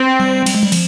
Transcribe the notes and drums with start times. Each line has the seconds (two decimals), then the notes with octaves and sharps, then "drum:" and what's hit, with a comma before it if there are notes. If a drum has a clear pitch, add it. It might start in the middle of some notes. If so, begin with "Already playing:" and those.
Already playing: C4
0.20 G3
0.46 G3, drum: cymbal
0.55 G#3
0.63 G3
0.72 F3, drum: cymbal